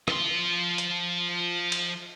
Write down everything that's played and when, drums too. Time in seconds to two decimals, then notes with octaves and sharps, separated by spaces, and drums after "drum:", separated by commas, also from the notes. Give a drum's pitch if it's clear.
0.08 F3 C6, drum: rim click
0.78 drum: hi-hat
1.72 drum: cymbal